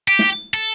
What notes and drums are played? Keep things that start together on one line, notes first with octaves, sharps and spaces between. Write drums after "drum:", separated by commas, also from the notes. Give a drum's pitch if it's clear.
G4
drum: snare
A4